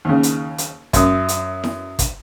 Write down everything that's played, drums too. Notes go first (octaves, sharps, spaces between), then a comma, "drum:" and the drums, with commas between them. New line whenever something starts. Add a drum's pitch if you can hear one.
D#2 C#3
drum: hi-hat
drum: hi-hat
F#2 E5 D#6, drum: kick, hi-hat
drum: hi-hat
drum: snare E4
drum: kick, hi-hat